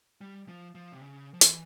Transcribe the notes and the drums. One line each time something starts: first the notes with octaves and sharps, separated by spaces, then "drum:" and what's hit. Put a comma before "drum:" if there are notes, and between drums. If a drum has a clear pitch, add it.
G3
F3
F3
C3
C#3
F3
E3, drum: hi-hat